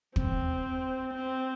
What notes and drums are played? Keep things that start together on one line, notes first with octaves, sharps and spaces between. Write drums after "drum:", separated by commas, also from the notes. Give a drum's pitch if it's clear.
C4, drum: kick
C4